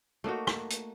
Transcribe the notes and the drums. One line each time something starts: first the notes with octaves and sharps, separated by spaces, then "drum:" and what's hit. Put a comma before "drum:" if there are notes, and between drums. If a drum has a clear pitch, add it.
A3 A#3 D#4 F#4
drum: rim click
drum: hi-hat